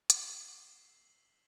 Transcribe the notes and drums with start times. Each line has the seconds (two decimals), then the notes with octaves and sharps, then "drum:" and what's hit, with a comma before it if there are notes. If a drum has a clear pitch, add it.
0.10 E6 B6 C7 E7 F#7 G7, drum: hi-hat